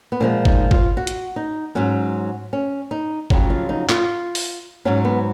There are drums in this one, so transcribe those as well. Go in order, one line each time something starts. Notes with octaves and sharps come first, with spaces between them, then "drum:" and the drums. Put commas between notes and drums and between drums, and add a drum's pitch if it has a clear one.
B3
A#2 F3 G#3 A#3
D#4, drum: kick
F4, drum: kick
F#4
drum: hi-hat
D#4
G#2 F#3 C#4
C#4
D#4
F2 C#3 F#3, drum: kick
F4
D#4
F4, drum: clap
drum: open hi-hat
G#2 F#3 C#4
B3